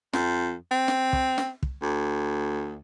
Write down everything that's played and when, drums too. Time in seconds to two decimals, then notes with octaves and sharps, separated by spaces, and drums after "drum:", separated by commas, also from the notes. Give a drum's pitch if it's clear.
0.13 F2, drum: snare
0.71 C4
0.88 drum: snare
1.13 drum: kick
1.38 drum: snare
1.63 drum: kick
1.82 D2